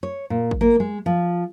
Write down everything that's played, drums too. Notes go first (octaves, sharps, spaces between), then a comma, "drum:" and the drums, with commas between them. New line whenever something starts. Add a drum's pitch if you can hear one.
C#5
A#2
drum: kick
A#3
G#3
F3